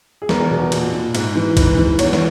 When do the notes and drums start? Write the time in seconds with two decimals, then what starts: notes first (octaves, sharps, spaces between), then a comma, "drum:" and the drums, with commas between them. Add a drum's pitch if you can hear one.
0.22 G#4
0.29 E2 A#4, drum: snare
0.51 B2
0.72 A#2, drum: cymbal
0.93 A#2
1.15 G#2, drum: cymbal
1.35 E3
1.57 G#2 B4, drum: kick C2, cymbal
1.78 E3
1.99 E2 C#5, drum: cymbal
2.13 drum: snare